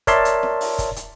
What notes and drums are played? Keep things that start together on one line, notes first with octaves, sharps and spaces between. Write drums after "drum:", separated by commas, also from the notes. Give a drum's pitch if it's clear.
A#4 C#5 D5 E5 A5 C6, drum: kick, hi-hat
drum: hi-hat
drum: snare
drum: open hi-hat
drum: kick, hi-hat
drum: hi-hat